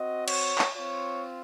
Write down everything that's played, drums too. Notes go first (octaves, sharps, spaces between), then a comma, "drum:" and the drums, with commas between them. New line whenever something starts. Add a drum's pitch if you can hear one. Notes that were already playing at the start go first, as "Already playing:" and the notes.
Already playing: C4 F#4 D#5
C#5, drum: cymbal
drum: clap
C4 F4 C#5